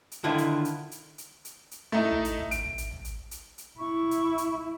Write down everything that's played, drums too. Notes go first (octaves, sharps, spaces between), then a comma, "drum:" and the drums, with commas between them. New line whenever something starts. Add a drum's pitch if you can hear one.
drum: hi-hat
D3 D#3 E4 F4
drum: hi-hat
drum: hi-hat
drum: hi-hat
drum: hi-hat
drum: hi-hat
drum: hi-hat
A3 D#4 E4
drum: tom
drum: hi-hat
drum: tom
D7, drum: hi-hat
drum: tom
drum: hi-hat
drum: tom
drum: hi-hat
drum: hi-hat
drum: hi-hat
E4 C#6
drum: hi-hat
drum: hi-hat